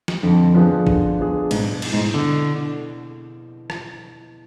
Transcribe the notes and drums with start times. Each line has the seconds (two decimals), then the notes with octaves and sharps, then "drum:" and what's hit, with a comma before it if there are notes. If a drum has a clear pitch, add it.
0.08 drum: snare
0.23 F2 D3
0.55 F3 B3 D4 G#4
0.86 D3, drum: kick G#1
1.19 F3 B3 D4 G#4
1.51 G#2 B2, drum: cymbal
1.82 B3 E4, drum: cymbal
1.93 G#2
2.14 B2 D3
3.70 drum: rim click